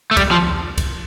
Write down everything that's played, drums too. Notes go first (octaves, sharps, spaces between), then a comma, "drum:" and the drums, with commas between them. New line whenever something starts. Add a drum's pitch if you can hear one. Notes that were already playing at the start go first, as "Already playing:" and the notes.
A3
G3, drum: kick C2, cymbal
F3
drum: tom E2
drum: kick C2, cymbal